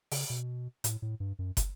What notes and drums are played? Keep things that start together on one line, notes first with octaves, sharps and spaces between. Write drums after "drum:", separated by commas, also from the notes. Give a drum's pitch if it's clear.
C#3, drum: open hi-hat
B2
A2, drum: hi-hat
A2
G2
F#2
drum: kick, hi-hat